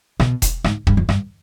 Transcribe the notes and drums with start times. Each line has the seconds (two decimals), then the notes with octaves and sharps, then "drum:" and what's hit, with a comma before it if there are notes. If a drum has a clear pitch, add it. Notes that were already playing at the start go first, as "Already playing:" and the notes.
0.20 B2, drum: rim click
0.42 drum: kick E1, hi-hat
0.64 G#2, drum: rim click
0.87 G2, drum: kick E1
0.97 F2
1.09 G2, drum: rim click